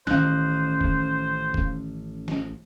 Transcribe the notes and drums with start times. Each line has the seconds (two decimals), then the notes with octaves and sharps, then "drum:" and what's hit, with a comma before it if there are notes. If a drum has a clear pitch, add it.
0.07 A1 D#3 C#4 C5 F5 F#6, drum: snare
0.81 drum: kick E1
1.54 drum: kick E1
2.28 drum: snare